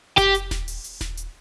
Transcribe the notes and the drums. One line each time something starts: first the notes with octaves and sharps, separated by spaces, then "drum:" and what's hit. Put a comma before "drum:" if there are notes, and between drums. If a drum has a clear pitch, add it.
G4, drum: kick F1, hi-hat
drum: hi-hat
drum: snare D#1
drum: open hi-hat
drum: hi-hat
drum: snare D#1
drum: hi-hat